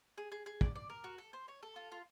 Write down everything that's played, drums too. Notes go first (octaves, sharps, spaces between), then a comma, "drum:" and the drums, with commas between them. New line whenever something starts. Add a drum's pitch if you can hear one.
G#4
G#4
G#4
D5, drum: kick
D5
A#4
F#4
A4
C5
C#5
A4
F4
F4